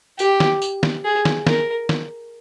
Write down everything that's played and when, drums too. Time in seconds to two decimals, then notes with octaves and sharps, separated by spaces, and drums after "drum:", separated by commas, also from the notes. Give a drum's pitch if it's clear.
0.19 G4, drum: tambourine
0.40 drum: snare
0.62 drum: tambourine
0.83 drum: snare
1.05 G#4
1.25 drum: snare
1.47 A#4, drum: snare
1.89 drum: snare